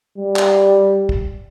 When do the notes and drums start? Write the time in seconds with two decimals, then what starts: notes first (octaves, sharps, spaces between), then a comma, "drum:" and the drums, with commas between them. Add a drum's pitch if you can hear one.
0.18 G3
0.36 drum: clap
1.09 drum: kick